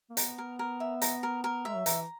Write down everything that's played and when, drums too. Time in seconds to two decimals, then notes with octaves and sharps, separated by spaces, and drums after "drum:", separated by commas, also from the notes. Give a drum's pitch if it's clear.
0.10 A#3
0.17 B3 A#5, drum: hi-hat
0.38 A#4
0.59 A#4
0.80 E5
1.02 A#5, drum: hi-hat
1.23 A#4
1.44 A#4
1.65 G#3 E5
1.77 F#3
1.86 E3 A#5, drum: hi-hat